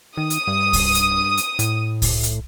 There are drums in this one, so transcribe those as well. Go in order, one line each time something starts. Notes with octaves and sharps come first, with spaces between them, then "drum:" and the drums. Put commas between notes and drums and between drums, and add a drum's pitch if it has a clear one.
D#3 D#6
drum: hi-hat
G2
drum: kick C2, open hi-hat
drum: hi-hat
drum: hi-hat
A2, drum: hi-hat
drum: kick C2, open hi-hat
drum: hi-hat